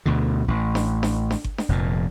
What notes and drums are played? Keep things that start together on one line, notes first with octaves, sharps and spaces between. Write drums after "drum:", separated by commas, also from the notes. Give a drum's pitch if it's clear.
D2 B2 D3
A1
drum: snare D4
drum: snare D4
drum: snare D4
drum: kick G1
drum: snare D4
F1 F2 A#2